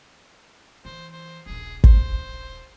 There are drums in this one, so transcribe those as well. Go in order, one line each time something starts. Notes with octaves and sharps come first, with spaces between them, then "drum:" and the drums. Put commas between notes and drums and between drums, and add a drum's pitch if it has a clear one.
E3 C5
C5
D#1 A#1 G#4
C5, drum: kick